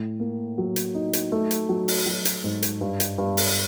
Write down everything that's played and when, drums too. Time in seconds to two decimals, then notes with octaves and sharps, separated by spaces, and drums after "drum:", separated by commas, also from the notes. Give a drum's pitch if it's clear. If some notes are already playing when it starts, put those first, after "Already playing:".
Already playing: A2
0.20 A#3
0.58 F#3
0.76 drum: hi-hat
0.95 D#4
1.13 drum: hi-hat
1.32 A3
1.51 drum: hi-hat
1.69 F#3
1.88 drum: open hi-hat
2.06 F#3
2.25 drum: hi-hat
2.44 G#2
2.63 drum: hi-hat
2.81 G2
3.00 drum: hi-hat
3.18 G2
3.37 drum: open hi-hat